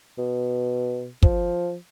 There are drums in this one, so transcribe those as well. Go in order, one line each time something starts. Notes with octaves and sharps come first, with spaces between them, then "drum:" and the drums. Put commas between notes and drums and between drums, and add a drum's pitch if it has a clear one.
B2
F3, drum: kick